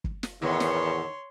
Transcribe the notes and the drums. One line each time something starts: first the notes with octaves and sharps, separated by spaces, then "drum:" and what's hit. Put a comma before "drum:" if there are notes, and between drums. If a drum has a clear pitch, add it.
drum: kick
drum: snare
E2 A2 D#3 B3 C#5 C6
drum: snare